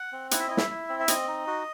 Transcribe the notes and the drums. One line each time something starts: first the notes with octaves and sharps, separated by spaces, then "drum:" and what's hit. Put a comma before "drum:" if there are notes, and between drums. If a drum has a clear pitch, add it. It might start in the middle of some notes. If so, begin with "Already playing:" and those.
Already playing: F#5
C4
E4 F#5, drum: hi-hat
E5
E4 D#5
E5, drum: snare
E4
C4
E5
C4 D#5, drum: hi-hat
D#4
F#4